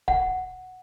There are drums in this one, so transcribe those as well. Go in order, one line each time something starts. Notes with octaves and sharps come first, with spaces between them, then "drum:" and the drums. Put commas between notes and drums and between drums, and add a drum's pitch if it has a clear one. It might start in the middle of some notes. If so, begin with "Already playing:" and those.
F#5, drum: kick D1